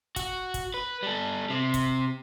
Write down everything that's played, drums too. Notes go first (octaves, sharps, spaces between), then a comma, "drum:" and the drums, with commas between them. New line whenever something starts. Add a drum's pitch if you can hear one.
F#4, drum: kick, hi-hat
drum: kick, hi-hat
B4
G3 A4
C3
drum: kick, hi-hat